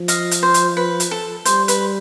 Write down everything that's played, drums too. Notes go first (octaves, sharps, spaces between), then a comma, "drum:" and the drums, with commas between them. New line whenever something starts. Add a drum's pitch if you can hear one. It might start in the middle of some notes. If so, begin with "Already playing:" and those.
Already playing: F3
D#5 F5, drum: hi-hat
drum: hi-hat
C5
drum: hi-hat
B4
drum: hi-hat
A4
G3 C5, drum: hi-hat
B4, drum: hi-hat